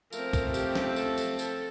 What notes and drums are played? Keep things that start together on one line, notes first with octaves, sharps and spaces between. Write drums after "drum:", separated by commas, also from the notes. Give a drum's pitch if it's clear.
F3 A3 C4 A#4, drum: tambourine
drum: kick, tambourine
G4, drum: tambourine
drum: snare
A4, drum: tambourine
drum: tambourine
A4, drum: tambourine